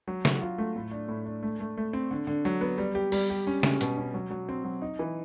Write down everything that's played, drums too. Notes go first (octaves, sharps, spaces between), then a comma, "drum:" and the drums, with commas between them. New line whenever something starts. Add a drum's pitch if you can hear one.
F#3
F#3, drum: snare
F4
A3
A2
D4
A2
D4
A3
A3
A3
C4
D3
D3
F#3
B3
G3
G4
G3, drum: open hi-hat
G4
C#4
C#4, drum: snare
B2, drum: hi-hat
C#4
F#3
F#3
C4
F#3
D#4
E3